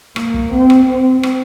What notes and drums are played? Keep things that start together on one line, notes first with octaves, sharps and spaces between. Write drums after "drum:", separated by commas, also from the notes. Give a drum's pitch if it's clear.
A#3, drum: rim click
drum: kick
C4
drum: rim click
C4
drum: rim click